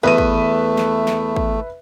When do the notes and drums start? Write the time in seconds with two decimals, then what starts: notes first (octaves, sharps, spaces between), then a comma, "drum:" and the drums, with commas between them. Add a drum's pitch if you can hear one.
0.04 E2 A3 B4 E5 D#7
0.18 drum: kick G#1
0.77 drum: snare
1.07 drum: snare
1.36 drum: kick G#1